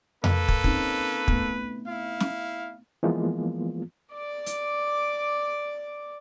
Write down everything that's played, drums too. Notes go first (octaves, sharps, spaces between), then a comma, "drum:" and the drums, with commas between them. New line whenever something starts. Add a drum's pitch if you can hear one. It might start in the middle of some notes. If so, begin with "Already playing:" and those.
A#3 A4 B4, drum: tom F2
drum: kick
C4 C#4 D#4, drum: kick
A3 B3, drum: kick
E4 F5
drum: snare
E3 F3 G#3 A#3 B3 F4
D5 D6
drum: hi-hat